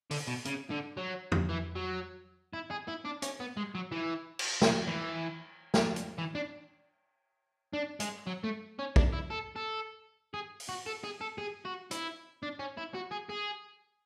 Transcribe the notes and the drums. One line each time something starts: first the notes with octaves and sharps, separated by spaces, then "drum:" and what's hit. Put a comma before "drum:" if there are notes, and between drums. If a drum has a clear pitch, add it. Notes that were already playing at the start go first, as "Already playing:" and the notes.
D3, drum: open hi-hat
B2
C#3, drum: hi-hat
D3
F#3
drum: tom E2
E3
F#3
E4
G#4
E4
D4
C#4, drum: hi-hat
B3
G#3
F#3
E3
drum: cymbal
C#3, drum: snare
E3
drum: snare
drum: hi-hat
E3
D4
D4
G#3, drum: hi-hat
F#3
A3
C#4
D4, drum: kick
E4
A4
A4
G#4
drum: open hi-hat
F#4
A4
G#4
A4
G#4
F#4
E4, drum: hi-hat
D4
C#4
E4
F#4
G#4
G#4